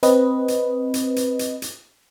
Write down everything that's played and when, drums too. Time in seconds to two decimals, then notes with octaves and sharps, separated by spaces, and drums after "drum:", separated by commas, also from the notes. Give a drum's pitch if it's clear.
0.03 C4 B4 D#5, drum: hi-hat
0.48 drum: hi-hat
0.94 drum: hi-hat
1.16 drum: hi-hat
1.39 drum: hi-hat
1.62 drum: hi-hat